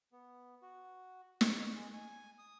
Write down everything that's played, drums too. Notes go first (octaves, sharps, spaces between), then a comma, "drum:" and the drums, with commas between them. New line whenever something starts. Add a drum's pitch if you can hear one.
B3
F#4
drum: snare
C#6
G#3
G#5
D#6